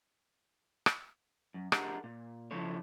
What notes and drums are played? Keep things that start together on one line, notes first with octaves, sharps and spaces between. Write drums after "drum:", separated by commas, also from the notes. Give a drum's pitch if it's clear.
drum: rim click
F#2
D4 G4 G#4 A#4 D#5 F#5, drum: rim click
A#2
C#3 F3 D#4 E4 A4 C#5